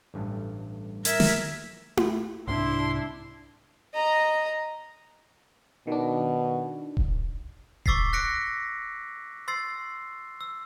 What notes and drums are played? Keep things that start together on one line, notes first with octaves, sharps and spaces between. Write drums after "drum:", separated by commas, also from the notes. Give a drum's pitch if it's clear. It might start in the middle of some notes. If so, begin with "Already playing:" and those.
A1 G2 A3
A#4 E5 G#6, drum: hi-hat
drum: snare
drum: tom E4
C2 G#2 C3 D4 E4 C6
D#5 A#5
B2 D#3 D4
drum: kick D#1
C#6 D6 E6 A6 B6 C7, drum: kick D#1
F#6 A#6 B6 C#7 D7
C6 E6 A6 C7
E6